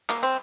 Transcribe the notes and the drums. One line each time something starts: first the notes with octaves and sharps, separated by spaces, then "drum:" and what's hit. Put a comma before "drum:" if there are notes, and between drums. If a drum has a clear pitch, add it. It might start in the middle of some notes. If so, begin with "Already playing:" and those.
A#3, drum: clap
C4